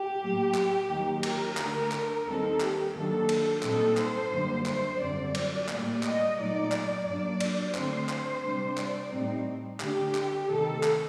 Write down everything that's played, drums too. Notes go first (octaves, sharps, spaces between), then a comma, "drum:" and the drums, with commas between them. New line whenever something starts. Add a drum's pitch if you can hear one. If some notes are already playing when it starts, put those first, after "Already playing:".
Already playing: G4
A2 F#3 A#3
drum: clap
D#2 D#3 F#3
A#4, drum: cymbal
D3 A3 D4, drum: clap
drum: clap
D#2 D#3 G3 C4 D#4 A4
G4, drum: clap
F#2 D#3 F#3 A#3 D4 A4
drum: cymbal
A#2 G3 C4 D#4 A4, drum: clap
C5, drum: clap
F#2 D3 G3 A#3
C5, drum: clap
F#2 D3 G3 C4 D5
drum: cymbal
A2 G3 A#3, drum: clap
D#5, drum: clap
A#2 F#3 A3 D#4 D5
drum: clap
G2 F#3 A#3 D4 D5
drum: cymbal
D3 A3 C4 C5, drum: clap
drum: clap
C3 G3 D4
D5, drum: clap
A2 G3 C4 D#4
D3 A3 D4 G4, drum: clap
drum: clap
C3 D#3 A3 A4
drum: clap